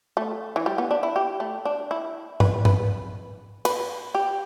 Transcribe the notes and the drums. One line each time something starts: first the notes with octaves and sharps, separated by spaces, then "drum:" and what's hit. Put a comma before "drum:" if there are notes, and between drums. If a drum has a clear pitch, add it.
A3
E3
G3
B3
D4
E4
G4
A3
D4
E4
B4, drum: tom G2
B4, drum: tom G2
B4, drum: cymbal
G4